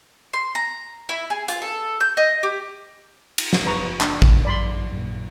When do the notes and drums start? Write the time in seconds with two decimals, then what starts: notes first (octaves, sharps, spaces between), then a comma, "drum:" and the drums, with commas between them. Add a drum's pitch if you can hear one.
0.33 C6
0.55 A#5
1.09 E4
1.30 G#4
1.48 F4, drum: hi-hat
1.62 A4
2.00 G6
2.17 D#5
2.43 G4
3.38 drum: cymbal
3.53 drum: snare
3.66 F#1 F3 B3 B4 A#5 C#6
4.01 D4, drum: clap
4.22 E1 A#1, drum: kick
4.45 F#2 D5 B5 C6
4.92 F#2 A#2